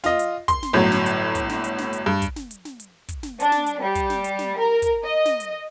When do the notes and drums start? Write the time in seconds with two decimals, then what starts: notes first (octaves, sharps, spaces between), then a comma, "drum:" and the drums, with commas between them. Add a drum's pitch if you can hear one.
0.04 F4 D#5, drum: snare
0.19 drum: hi-hat
0.48 C6, drum: kick, hi-hat
0.63 drum: snare
0.73 G1 A2 F#3
0.92 drum: snare
1.06 drum: hi-hat
1.35 drum: kick, hi-hat
1.49 drum: snare
1.64 drum: hi-hat
1.78 drum: snare
1.93 drum: hi-hat
2.06 G2
2.22 drum: kick, hi-hat
2.36 drum: snare
2.51 drum: hi-hat
2.65 drum: snare
2.80 drum: hi-hat
3.09 drum: kick, hi-hat
3.23 drum: snare
3.40 D4, drum: hi-hat
3.52 drum: snare
3.66 drum: hi-hat
3.81 G3
3.95 drum: kick, hi-hat
4.10 drum: snare
4.24 drum: hi-hat
4.39 drum: snare
4.58 A#4
4.82 drum: kick, hi-hat
5.03 D#5
5.25 drum: snare
5.40 drum: hi-hat